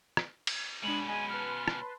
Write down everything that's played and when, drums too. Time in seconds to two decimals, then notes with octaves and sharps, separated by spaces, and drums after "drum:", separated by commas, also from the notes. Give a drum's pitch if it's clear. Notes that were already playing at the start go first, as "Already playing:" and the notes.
0.17 drum: rim click
0.47 drum: cymbal
0.83 B2 G#3 C#4 D4 B5 F#7
1.07 G#3 G#5
1.29 B4 A5 C6 F6
1.68 drum: rim click